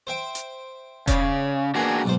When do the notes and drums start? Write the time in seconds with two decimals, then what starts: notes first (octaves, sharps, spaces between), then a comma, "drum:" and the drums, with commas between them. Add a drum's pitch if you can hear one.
0.07 C5 E5 G5
0.35 drum: hi-hat
1.07 C#3 C#5 D5, drum: kick E1, hi-hat
1.75 E3 A#3 D4 F#4 G#4
2.04 B1 G#2 C5